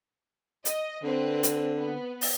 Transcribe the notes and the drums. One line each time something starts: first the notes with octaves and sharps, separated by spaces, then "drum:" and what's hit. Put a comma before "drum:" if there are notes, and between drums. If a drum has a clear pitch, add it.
D#5, drum: hi-hat
D3 C4 B4
drum: hi-hat
B3
drum: open hi-hat